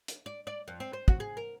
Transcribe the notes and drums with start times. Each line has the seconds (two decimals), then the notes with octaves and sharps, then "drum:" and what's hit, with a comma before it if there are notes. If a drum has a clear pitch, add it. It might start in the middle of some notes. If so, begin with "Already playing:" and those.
0.08 drum: hi-hat
0.26 D5
0.47 D5
0.68 F2
0.80 C4
0.93 C5
1.08 F#4, drum: kick
1.20 G#4
1.37 A#4